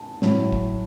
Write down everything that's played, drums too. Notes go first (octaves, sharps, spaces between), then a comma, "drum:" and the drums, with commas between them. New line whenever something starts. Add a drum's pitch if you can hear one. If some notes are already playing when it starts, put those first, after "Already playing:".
Already playing: A5
A2 F#3, drum: snare
drum: kick